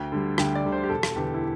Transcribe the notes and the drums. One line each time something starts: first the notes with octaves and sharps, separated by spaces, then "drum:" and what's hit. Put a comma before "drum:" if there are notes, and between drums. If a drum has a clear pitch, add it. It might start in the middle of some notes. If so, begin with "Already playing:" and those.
Already playing: D2 G5
D3 G3
D2 G5, drum: rim click
D5
D3 G3
C5
G4
E1 A4
drum: rim click
E2 D3 G4
E4